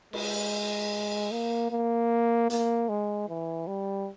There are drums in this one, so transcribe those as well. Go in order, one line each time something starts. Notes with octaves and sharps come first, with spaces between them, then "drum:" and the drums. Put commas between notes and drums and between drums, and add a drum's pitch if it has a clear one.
G#3, drum: cymbal
A#3
A#3
A#3, drum: hi-hat
G#3
E3
G3